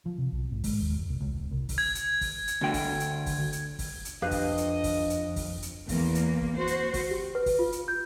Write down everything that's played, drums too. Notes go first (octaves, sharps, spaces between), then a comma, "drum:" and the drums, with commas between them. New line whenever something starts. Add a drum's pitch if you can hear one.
F3
C3
B1
G#2
G#3, drum: kick, open hi-hat
D#2
F#1
C2
C#2
D1
C2
drum: kick, open hi-hat
G#6
drum: hi-hat
drum: kick, open hi-hat
drum: hi-hat
D2 D3 G5
drum: kick, open hi-hat
drum: hi-hat
drum: kick, open hi-hat
drum: hi-hat
drum: kick, open hi-hat
drum: hi-hat
F2 D4 G4 B4 D#5 F5
drum: kick, open hi-hat
drum: hi-hat
drum: kick, open hi-hat
drum: hi-hat
drum: kick, open hi-hat
drum: hi-hat
E2 A#3, drum: kick, open hi-hat
drum: hi-hat
drum: kick
F#4 C5
drum: hi-hat
drum: kick, open hi-hat
G4
B4
drum: kick, open hi-hat
F4
drum: hi-hat
G6